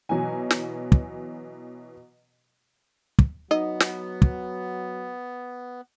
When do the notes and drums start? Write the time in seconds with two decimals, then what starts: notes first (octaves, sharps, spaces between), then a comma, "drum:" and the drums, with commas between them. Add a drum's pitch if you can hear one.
0.09 B2 E3 F#3 G#5
0.51 drum: snare
0.92 drum: kick
3.19 drum: kick
3.51 F#3 B3 D#4 D#5
3.80 drum: snare
4.22 drum: kick